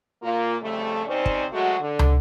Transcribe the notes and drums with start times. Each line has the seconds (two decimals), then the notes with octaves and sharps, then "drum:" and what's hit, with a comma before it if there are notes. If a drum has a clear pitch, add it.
0.23 A#2 A#3 F4
0.62 F2 C#3 G3 A3
1.07 C3 C4 C#4 D#4 C5 D5
1.26 drum: kick
1.52 F#3 G#3 A3 F#4
1.81 D3
1.99 drum: tom